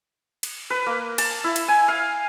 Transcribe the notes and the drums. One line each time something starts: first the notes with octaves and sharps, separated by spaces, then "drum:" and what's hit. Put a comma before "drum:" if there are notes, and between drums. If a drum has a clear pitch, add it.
drum: cymbal
B4
A#3
A5, drum: cymbal
E4
drum: cymbal
G#5
F5